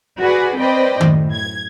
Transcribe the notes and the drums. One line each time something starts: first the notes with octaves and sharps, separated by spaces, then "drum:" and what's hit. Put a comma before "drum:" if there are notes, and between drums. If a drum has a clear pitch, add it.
F#4 G#4 B4 D5 F#5
C4 B4 C5 D5 D#5 G5
F#2 A2, drum: tom D#3
G#6